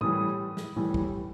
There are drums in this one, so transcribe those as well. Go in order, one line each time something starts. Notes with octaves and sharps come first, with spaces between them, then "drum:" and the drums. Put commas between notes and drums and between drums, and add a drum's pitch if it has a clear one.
A2 E3 G3 D#6
drum: snare
A2 E3 G3
drum: kick